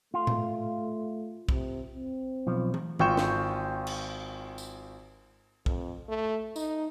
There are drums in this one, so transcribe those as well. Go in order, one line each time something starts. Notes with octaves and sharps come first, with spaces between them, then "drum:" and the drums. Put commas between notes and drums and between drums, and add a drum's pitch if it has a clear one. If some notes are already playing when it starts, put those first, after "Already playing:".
A3 F4
drum: tom A2
C3, drum: kick
C4
B1 F3
drum: tom E3
G#1 F4 G5 C#6 G6 E7, drum: tom D#3
drum: snare
drum: cymbal
drum: tambourine
F2, drum: kick
A3
D#4, drum: tambourine